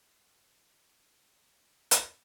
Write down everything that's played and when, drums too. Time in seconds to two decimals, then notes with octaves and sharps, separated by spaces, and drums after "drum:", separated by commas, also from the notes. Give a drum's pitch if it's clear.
0.19 F#2 A#3 C4
1.91 drum: hi-hat